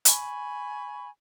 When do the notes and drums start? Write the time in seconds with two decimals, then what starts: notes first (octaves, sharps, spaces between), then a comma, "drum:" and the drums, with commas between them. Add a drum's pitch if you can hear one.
0.05 G#5 B5 C#6, drum: hi-hat